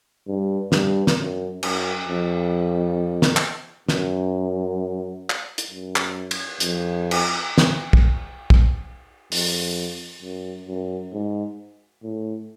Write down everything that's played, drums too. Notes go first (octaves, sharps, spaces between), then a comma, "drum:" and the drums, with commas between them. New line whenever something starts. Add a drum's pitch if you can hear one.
G2
G2, drum: snare
drum: snare
F#2
F#2, drum: cymbal
F2
drum: snare
drum: clap
F#2, drum: snare
drum: clap
drum: hi-hat
F#2
drum: clap
drum: cymbal
F2, drum: hi-hat
drum: cymbal
drum: snare
drum: kick
drum: kick
F2, drum: open hi-hat
F#2
F#2
G#2
A2